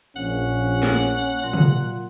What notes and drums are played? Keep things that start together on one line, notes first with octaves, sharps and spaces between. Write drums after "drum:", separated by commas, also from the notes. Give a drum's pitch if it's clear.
A#1 C#4 F#5
A#3, drum: snare
A#2 F#3 C6
drum: tom